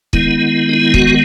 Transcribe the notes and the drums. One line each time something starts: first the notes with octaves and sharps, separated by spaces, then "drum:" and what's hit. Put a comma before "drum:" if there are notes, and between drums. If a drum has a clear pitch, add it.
D#3 G#3 B3 E4, drum: kick
D#4
E4
F#4, drum: kick